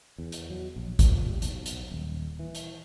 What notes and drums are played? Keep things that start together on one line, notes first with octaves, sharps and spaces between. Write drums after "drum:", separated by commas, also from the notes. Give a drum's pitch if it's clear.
E2
drum: hi-hat
F#3
A#1
A#2, drum: kick, hi-hat
G3
B1, drum: hi-hat
drum: hi-hat
D#1
E3
drum: hi-hat